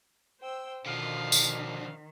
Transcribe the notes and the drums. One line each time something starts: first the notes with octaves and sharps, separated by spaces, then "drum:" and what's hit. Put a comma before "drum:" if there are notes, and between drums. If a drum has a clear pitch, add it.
C5 G5 E6
B2 D3 D#3 F3 F5
drum: tambourine